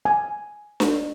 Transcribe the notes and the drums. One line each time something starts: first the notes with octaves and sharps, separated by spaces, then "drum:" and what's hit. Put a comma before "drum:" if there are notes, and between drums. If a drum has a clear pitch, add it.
G#5
drum: snare D4